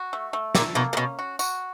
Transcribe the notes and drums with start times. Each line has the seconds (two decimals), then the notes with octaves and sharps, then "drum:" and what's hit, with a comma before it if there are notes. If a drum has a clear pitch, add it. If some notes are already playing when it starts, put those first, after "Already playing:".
Already playing: F#4
0.13 A3
0.33 A3
0.55 A#2 A4, drum: snare
0.75 B2 A#3
0.93 A#2
0.97 B2 C#4
1.19 F#4
1.39 F#4, drum: tambourine